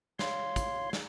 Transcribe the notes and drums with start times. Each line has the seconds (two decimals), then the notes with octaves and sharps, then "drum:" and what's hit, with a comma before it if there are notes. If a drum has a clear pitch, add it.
0.19 C#5 F5 C6, drum: snare
0.56 drum: kick, hi-hat
0.93 drum: snare